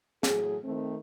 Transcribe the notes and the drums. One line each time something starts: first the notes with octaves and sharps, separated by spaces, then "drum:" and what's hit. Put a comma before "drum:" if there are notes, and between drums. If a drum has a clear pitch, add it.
A2 F#3 G#4, drum: snare
D#3 A3 C4